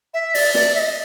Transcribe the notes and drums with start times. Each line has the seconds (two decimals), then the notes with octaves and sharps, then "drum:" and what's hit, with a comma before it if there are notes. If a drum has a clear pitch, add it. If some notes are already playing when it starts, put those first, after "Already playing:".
0.14 E5
0.35 D5, drum: open hi-hat
0.54 D5, drum: snare
0.75 E5
0.79 D#5